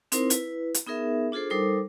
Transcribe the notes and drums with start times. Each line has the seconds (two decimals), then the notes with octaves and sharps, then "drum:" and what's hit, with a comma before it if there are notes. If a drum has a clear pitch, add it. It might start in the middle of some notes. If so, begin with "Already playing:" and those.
0.12 C4 D#4 E4 A#4 C5, drum: hi-hat
0.30 E4 B4, drum: hi-hat
0.74 drum: hi-hat
0.87 B3 D#4 G#4 A#4 E5
1.32 D4 F4 G#4 A4 C5
1.50 G3 D#4 A4 A#4 C5 D6